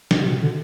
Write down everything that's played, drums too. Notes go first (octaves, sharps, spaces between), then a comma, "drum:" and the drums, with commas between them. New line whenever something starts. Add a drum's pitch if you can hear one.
B2, drum: snare
C3
B2
D3